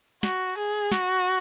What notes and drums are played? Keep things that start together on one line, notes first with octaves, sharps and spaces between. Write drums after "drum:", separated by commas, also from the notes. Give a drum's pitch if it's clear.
F#4, drum: snare
G#4
F#4, drum: snare